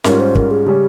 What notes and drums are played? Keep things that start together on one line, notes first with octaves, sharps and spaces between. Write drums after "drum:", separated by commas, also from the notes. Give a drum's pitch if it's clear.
G#2 G3 C#4 F4 A#4, drum: snare
C5
A#4, drum: kick
G#4
C#3 G3 C#4 G4